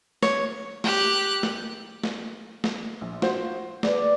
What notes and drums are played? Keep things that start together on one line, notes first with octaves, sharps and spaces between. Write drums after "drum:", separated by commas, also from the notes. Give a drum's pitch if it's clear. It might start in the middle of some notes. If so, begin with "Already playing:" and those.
C#5, drum: snare
G4 F#6, drum: snare
drum: snare
drum: snare
drum: snare
A#1
F4 F#4 C5, drum: snare
G#4 B4 D5, drum: snare